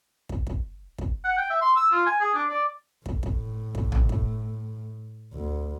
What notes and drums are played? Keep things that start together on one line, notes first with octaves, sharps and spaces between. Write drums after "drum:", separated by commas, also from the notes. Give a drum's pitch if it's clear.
drum: kick
drum: kick
drum: kick
F#5
G5
E5
C6
E6
F4
G#5
G#4
D4
D5
A2, drum: kick
drum: kick
drum: kick
drum: tom
drum: kick
D2